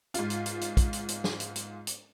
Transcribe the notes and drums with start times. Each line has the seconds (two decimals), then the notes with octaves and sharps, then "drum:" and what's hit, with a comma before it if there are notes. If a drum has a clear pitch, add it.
0.14 G#2 F4, drum: hi-hat
0.30 drum: hi-hat
0.46 drum: hi-hat
0.61 drum: hi-hat
0.77 drum: kick, hi-hat
0.93 drum: hi-hat
1.08 drum: hi-hat
1.24 drum: snare
1.40 drum: hi-hat
1.56 drum: hi-hat
1.87 drum: hi-hat